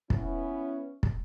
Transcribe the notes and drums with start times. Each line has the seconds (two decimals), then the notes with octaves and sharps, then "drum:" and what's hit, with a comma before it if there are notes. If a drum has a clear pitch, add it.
0.10 B3 C#4 E4, drum: kick
1.03 drum: kick